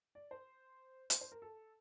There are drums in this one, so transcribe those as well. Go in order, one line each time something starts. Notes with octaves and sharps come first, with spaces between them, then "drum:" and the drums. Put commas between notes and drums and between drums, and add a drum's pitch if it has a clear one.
D5
C5
C5, drum: hi-hat
C5
A#4
A4